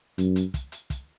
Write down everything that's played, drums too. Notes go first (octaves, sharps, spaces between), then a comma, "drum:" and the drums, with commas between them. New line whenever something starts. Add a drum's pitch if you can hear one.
F#2, drum: hi-hat
drum: hi-hat
drum: kick, hi-hat
drum: hi-hat
drum: kick, hi-hat